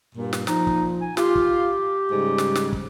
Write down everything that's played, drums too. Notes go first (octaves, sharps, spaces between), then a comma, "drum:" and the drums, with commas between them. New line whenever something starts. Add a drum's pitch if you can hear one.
G2 A#2
drum: snare
A#2 F3 D#4, drum: snare
drum: kick
G#5
F4 G4, drum: snare
drum: kick
G#2 C#3 G3
drum: snare
drum: snare
drum: kick